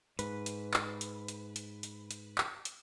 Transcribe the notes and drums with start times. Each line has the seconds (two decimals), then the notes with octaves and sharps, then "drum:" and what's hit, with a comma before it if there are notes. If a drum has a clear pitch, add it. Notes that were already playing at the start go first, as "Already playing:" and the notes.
0.19 G#2 B4, drum: hi-hat
0.46 drum: hi-hat
0.74 drum: clap
1.01 drum: hi-hat
1.28 drum: hi-hat
1.56 drum: hi-hat
1.83 drum: hi-hat
2.11 drum: hi-hat
2.38 drum: clap
2.65 drum: hi-hat